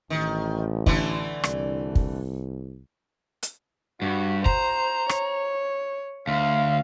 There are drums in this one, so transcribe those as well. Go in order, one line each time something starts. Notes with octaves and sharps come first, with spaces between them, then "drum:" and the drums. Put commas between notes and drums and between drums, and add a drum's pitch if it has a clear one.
A1 D#3
D3 E3 A3, drum: kick
C2, drum: rim click
drum: kick
drum: hi-hat
G2 F#4
C5 A#5, drum: kick
C#5, drum: rim click
D2 F5